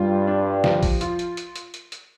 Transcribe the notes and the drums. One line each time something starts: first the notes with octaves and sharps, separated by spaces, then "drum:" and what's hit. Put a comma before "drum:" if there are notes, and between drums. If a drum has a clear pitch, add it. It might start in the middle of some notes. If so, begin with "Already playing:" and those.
Already playing: G2 G3 F4
D4
F3, drum: snare
drum: kick, open hi-hat
F4, drum: hi-hat
drum: hi-hat
drum: hi-hat
drum: hi-hat
drum: hi-hat
drum: hi-hat